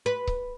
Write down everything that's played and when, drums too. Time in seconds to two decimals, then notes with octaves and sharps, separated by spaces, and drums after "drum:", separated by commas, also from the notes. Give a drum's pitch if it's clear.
0.06 B4
0.27 drum: kick C#1